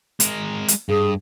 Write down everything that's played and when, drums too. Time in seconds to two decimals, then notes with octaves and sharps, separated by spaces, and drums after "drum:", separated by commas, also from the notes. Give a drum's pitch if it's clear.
0.20 G#3 A#4, drum: hi-hat
0.68 drum: hi-hat
0.89 G2 G#4